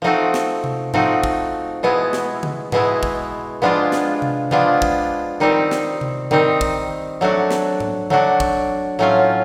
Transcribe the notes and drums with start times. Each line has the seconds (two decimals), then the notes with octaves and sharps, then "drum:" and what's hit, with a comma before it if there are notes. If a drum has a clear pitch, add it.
0.02 F3 A3 C4 D#4 F#4
0.34 drum: snare
0.64 drum: tom C3
0.94 F3 A3 C4 D#4 F#4, drum: tom G#2
1.24 drum: kick
1.83 B2 G#3 B3 E4
2.13 drum: snare
2.43 drum: tom C#3
2.72 B2 G#3 B3 E4, drum: tom G#2
3.03 drum: kick
3.62 F3 G#3 B3 D4 F4
3.92 drum: snare
4.22 drum: tom C3
4.51 F3 G#3 B3 D4 F4, drum: tom C#3
4.82 drum: kick
5.40 D#3 G3 C4 D#4
5.71 drum: snare
6.01 drum: tom C3
6.31 D#3 G3 C4 D#4, drum: tom C#3
6.61 drum: kick
7.21 F#3 A3 D4 F#4
7.51 drum: snare
7.80 drum: tom G#2
8.10 F#3 A3 D4 F#4, drum: tom C#3
8.40 drum: kick
8.99 A2 F#3 A3 C#4 F4